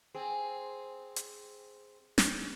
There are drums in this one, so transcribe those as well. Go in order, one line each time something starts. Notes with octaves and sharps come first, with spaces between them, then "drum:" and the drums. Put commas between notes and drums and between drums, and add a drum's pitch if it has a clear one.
C4 G#4
drum: hi-hat
drum: snare